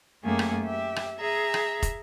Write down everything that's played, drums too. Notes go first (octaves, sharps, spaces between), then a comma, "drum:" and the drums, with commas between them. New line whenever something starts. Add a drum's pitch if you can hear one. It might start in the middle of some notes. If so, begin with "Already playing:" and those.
F#2 A3 A#3 G4 G#4
drum: rim click
G4 E5
drum: rim click
G#4 E5 A#5
drum: rim click
drum: kick, hi-hat